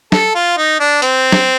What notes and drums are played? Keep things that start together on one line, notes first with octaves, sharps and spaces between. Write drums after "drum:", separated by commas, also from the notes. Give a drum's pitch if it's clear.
A4, drum: snare
F4
D#4
D4
C4, drum: hi-hat
drum: snare